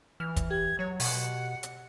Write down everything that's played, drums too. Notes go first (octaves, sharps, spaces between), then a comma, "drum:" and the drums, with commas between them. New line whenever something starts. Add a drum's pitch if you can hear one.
E3 F6
drum: kick, hi-hat
G4 G#6
F#3 C#5
B2 F#5, drum: open hi-hat
drum: hi-hat